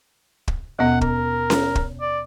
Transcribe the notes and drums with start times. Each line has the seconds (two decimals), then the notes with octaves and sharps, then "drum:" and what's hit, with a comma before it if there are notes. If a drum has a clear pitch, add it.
0.48 drum: kick
0.79 D#2 B2 B3 F#5
1.01 A#4, drum: kick
1.50 drum: snare C#4
1.75 drum: kick
2.01 D5